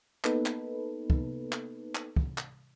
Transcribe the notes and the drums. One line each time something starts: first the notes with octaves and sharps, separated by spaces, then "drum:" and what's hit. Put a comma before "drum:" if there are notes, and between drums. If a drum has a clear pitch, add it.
A#3 B3 D#4 A4 B4, drum: clap
drum: clap
drum: kick
drum: clap
drum: clap
drum: kick
drum: clap